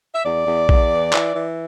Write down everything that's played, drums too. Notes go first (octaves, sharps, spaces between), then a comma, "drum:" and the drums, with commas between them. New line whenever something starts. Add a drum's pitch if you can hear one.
E5
E2 D5
E2
E2, drum: kick A#1
E3
E3, drum: clap
E3